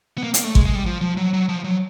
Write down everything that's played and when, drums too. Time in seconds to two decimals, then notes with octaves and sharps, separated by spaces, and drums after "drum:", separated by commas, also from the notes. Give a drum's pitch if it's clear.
0.18 B3
0.23 A#3
0.34 A#3, drum: hi-hat
0.44 A3
0.55 G#3, drum: kick
0.66 G#3
0.75 G3
0.86 F3
1.01 F3
1.17 F#3
1.33 F#3
1.49 F3
1.64 F#3